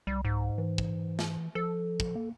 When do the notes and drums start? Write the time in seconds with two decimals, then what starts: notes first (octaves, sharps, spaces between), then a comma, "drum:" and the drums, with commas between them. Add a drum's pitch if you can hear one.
0.07 C2 G3
0.25 G#2
0.58 E3
0.78 drum: kick
1.19 drum: snare
1.55 F3 A4
2.00 drum: kick
2.15 A#3